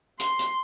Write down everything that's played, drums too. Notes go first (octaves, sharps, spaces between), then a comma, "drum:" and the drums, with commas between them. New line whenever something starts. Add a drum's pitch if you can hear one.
C6, drum: hi-hat
drum: hi-hat